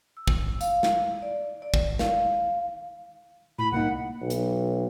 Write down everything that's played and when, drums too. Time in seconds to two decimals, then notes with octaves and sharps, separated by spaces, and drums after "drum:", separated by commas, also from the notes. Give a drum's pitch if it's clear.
0.17 E6
0.28 drum: kick
0.61 F5, drum: tambourine
0.83 drum: snare
1.22 D5
1.62 D5
1.74 drum: kick
1.99 F5, drum: snare
3.59 A2 B5
3.72 C2 A#3 D#4 F#5
4.21 B1
4.30 drum: hi-hat